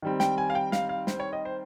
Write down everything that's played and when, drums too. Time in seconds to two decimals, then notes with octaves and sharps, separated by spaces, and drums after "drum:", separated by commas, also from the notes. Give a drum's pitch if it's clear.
0.02 D#3 G3 C4
0.20 G5, drum: snare
0.38 G#5
0.50 F5
0.55 G5
0.72 F5, drum: snare
0.89 F5
1.07 C5, drum: snare
1.20 C#5
1.33 D#5
1.45 C5